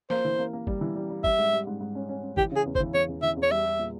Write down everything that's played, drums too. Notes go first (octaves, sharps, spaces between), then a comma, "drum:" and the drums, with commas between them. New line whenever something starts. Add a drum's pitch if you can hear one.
A#3 C5, drum: snare
E3
A#3
A#3
G3, drum: kick G1
E3
G3
G3
G3 E5, drum: kick G1
G#2
G3
G#2
G#2
C#4
C#4
C#4
E3 G4, drum: kick G1
C#3 G#4
E2
C5, drum: kick G1
E3
E2 C#5
E2
E3 E5
E2
C#5
G3 E5
G3
A#2